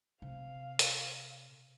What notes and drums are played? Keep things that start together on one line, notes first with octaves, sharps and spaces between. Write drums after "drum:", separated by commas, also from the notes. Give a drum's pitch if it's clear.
C3 F5
drum: hi-hat